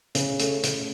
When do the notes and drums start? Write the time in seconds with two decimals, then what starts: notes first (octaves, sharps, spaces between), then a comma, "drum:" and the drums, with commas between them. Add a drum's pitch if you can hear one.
0.15 C#3, drum: hi-hat
0.39 A3, drum: hi-hat
0.63 C#3, drum: hi-hat